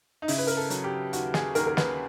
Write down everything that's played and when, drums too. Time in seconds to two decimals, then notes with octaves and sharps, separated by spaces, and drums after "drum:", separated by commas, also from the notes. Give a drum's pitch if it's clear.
0.22 D#4
0.28 C#3 E4, drum: open hi-hat
0.38 B4
0.47 A#4, drum: hi-hat
0.57 A4
0.70 F#3, drum: hi-hat
0.84 G4
1.13 D#2 F#4, drum: hi-hat
1.34 G#4, drum: snare
1.55 D#2 A#4, drum: hi-hat
1.67 A#4
1.77 B4, drum: snare